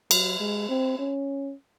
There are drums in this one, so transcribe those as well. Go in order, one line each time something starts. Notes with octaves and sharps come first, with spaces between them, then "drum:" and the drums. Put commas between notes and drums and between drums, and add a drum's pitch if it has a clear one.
F#3, drum: cymbal
G#3
C4
C#4